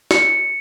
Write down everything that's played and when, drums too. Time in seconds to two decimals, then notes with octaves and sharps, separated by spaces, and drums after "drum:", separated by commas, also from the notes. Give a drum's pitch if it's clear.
0.11 C#7, drum: snare